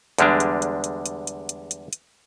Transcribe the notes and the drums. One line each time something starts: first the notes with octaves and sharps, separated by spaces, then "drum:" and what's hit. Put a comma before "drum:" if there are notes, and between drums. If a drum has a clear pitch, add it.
E2 D3 G3 G#3 D4, drum: hi-hat
drum: hi-hat
drum: hi-hat
drum: hi-hat
drum: hi-hat
drum: hi-hat
drum: hi-hat
drum: hi-hat
drum: hi-hat